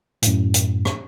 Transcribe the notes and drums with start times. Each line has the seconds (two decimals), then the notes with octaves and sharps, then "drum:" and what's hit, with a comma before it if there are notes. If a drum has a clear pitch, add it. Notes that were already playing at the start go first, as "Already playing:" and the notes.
0.22 F#2 A2, drum: hi-hat
0.54 drum: hi-hat
0.85 drum: rim click